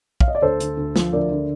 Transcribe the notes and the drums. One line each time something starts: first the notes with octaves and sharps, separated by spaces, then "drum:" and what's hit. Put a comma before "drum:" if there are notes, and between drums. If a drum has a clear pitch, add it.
F5, drum: kick
D#5
D5
D2 A4 C5
D3, drum: hi-hat
D2
F3, drum: snare
D2 A#4 D5
D3